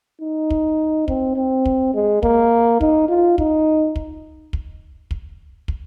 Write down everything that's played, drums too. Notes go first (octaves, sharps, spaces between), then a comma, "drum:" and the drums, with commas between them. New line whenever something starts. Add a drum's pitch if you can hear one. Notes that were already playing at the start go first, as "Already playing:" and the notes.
D#4
drum: kick
C4, drum: kick
C4
drum: kick
G#3
A#3, drum: kick
D#4, drum: kick
F4
D#4, drum: kick
drum: kick
drum: kick
drum: kick
drum: kick